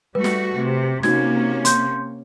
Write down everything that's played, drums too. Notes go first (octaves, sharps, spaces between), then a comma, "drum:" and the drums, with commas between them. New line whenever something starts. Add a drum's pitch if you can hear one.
G3 A3 F#4 B4
drum: snare
C3
C3 A#3 C#4 D#4 F#4 G#6, drum: snare
C6 G6, drum: hi-hat